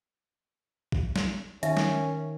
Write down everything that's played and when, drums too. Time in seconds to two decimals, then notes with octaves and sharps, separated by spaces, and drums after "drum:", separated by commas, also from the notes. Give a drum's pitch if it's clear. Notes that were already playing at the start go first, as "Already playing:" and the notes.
0.92 drum: kick
1.16 drum: snare
1.63 D#3 C#4 E5, drum: hi-hat
1.77 drum: snare